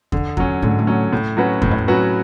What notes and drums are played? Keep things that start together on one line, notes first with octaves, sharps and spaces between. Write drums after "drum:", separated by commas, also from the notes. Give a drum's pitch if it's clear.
D3, drum: kick E2
F#3 C#4, drum: kick E2
A2 D3
G#2
A2
F#3 C#4
A2
F#3 C#4 F#4 B4
F#2 A2, drum: kick E2
G#2
F#2
F#3 C#4 F#4 B4